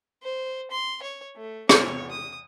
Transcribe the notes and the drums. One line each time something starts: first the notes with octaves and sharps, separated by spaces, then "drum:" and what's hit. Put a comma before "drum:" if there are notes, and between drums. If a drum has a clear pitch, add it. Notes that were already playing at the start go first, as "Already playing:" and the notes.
C5
C6
C#5
A3
C#5, drum: rim click
D#6